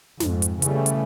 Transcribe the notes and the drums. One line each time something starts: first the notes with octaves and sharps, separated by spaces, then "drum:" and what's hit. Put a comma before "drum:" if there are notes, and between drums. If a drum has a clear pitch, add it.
F2 G#2, drum: snare
drum: hi-hat
C#3 E3 G3 A3, drum: hi-hat
drum: hi-hat